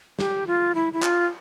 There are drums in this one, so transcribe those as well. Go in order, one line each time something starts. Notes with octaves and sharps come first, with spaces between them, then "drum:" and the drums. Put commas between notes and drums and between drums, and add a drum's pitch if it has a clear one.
G4, drum: snare
F4
E4
E4
F4, drum: clap